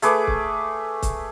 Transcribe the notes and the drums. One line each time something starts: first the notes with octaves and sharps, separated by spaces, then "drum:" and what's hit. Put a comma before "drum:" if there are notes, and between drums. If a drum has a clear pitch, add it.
A3 G#4 B4 D6, drum: hi-hat
drum: kick
drum: kick, hi-hat